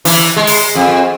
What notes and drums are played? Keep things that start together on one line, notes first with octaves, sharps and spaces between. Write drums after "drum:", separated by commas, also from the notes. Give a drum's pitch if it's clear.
E3, drum: open hi-hat
G#3
drum: open hi-hat
F2